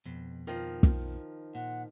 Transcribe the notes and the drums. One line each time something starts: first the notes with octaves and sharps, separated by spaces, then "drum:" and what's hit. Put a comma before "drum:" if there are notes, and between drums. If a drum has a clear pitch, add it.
F2 B2
D#3 F3
drum: kick
A#2 F#5